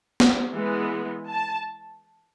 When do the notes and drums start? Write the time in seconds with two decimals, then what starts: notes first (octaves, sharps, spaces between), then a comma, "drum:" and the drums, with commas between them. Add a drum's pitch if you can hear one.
0.20 drum: snare
0.53 E3 G#3 B3
1.32 A5